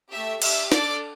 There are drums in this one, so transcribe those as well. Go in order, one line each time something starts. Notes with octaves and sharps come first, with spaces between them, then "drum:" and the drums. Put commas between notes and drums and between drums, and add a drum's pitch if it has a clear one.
A3 G4 E5
D4 G4 E5 E6, drum: cymbal
D4 A4 D5 D6, drum: snare